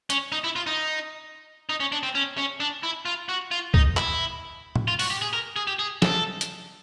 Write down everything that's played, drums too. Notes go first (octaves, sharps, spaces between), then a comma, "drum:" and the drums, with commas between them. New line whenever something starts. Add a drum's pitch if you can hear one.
C#4, drum: hi-hat
D#4
E4
F4
D#4
D#4
C#4
D4
C4
C#4
C#4
D4
E4
F4
F#4
F4
D#4, drum: kick
E4, drum: clap
drum: tom
F4
F#4, drum: open hi-hat
G4
G#4
A#4
G#4
G4
G#4
A4, drum: snare
drum: hi-hat